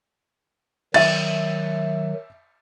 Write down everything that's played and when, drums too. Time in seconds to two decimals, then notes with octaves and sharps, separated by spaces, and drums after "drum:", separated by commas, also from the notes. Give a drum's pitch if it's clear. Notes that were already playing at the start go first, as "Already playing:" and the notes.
0.94 D#3 F#3 E5 A6, drum: cymbal